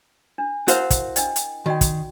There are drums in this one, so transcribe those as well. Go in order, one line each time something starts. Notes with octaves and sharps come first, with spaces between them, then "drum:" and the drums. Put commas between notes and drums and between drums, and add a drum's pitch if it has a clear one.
D4
E4 F#4 A#4 C5 F5, drum: hi-hat
drum: kick, hi-hat
D4 D#5 G5, drum: hi-hat
drum: hi-hat
D#3 F#4 D5 G5
drum: kick, hi-hat